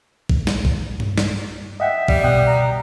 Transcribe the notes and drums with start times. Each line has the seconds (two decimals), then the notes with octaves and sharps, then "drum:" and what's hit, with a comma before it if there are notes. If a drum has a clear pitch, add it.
0.29 drum: kick A#1
0.47 drum: snare
0.65 drum: kick A#1
1.00 drum: tom G2
1.18 drum: snare
1.80 D#5 E5 F#5 G5
2.08 G3, drum: kick A#1
2.23 B2 G5 D#6 F#6
2.46 A#5